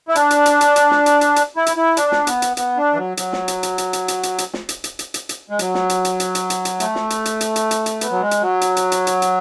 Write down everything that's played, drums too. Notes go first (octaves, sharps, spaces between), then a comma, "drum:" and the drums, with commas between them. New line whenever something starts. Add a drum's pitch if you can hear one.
E4
D4, drum: hi-hat
drum: hi-hat
drum: hi-hat
drum: hi-hat
drum: hi-hat
drum: snare
drum: hi-hat
drum: hi-hat
drum: hi-hat
E4
drum: hi-hat
E4
D4, drum: hi-hat
drum: snare
B3, drum: hi-hat
drum: hi-hat
B3, drum: hi-hat
D4
E3
F#3
F#3, drum: hi-hat
drum: snare
drum: hi-hat
drum: hi-hat
drum: hi-hat
drum: hi-hat
drum: hi-hat
drum: hi-hat
drum: hi-hat
drum: snare
drum: hi-hat
drum: hi-hat
drum: hi-hat
drum: hi-hat
drum: hi-hat
G#3
F#3, drum: hi-hat
drum: snare
drum: hi-hat
drum: hi-hat
drum: hi-hat
drum: hi-hat
drum: hi-hat
drum: hi-hat
A3, drum: hi-hat
drum: snare
drum: hi-hat
drum: hi-hat
drum: hi-hat
drum: hi-hat
drum: hi-hat
drum: hi-hat
B3, drum: hi-hat
F#3
G#3
drum: hi-hat
F#3
drum: hi-hat
drum: hi-hat
drum: hi-hat
drum: hi-hat
drum: hi-hat